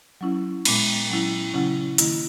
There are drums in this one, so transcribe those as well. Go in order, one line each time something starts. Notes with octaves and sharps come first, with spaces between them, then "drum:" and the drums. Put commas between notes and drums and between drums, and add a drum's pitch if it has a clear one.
F#3 C#4 E4
A#2 G#3 B3, drum: cymbal
F#3 C#4 E4
C#3 F#3 C#4 E4
D#3 A#3 E4, drum: hi-hat